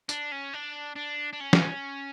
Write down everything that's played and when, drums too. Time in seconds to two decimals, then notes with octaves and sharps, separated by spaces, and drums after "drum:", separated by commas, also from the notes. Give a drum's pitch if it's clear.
0.09 D4, drum: tambourine
0.32 C#4
0.53 D4
0.96 D4
1.33 D4
1.41 C#4
1.53 drum: snare